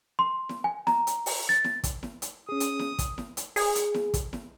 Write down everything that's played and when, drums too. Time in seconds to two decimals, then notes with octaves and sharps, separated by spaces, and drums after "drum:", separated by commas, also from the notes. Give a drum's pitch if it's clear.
0.19 C6
0.49 drum: snare E4
0.64 G#5
0.87 A#5, drum: snare E4
1.07 drum: hi-hat
1.26 drum: open hi-hat
1.49 A6
1.64 drum: snare E4
1.84 drum: kick, hi-hat
2.03 drum: snare E4
2.22 drum: hi-hat
2.49 C#4 G#4 D#6
2.60 drum: hi-hat
2.79 drum: snare E4
2.99 drum: kick, hi-hat
3.18 drum: snare E4
3.37 drum: hi-hat
3.56 G#4, drum: open hi-hat
3.75 drum: hi-hat
3.94 drum: snare E4
4.14 drum: kick, hi-hat
4.33 drum: snare E4